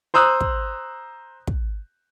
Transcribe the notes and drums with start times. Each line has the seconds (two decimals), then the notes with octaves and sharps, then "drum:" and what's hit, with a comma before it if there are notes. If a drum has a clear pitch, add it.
0.14 C5 A#5 D#6 E6 F#6
0.41 drum: kick
1.47 drum: kick